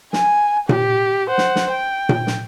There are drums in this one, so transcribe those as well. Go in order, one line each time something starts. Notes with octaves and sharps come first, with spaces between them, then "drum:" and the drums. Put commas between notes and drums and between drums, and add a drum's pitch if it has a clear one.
G#5, drum: snare
G4, drum: tom A#2
C5 F#5
drum: snare
drum: snare
G5
drum: tom A#2
drum: snare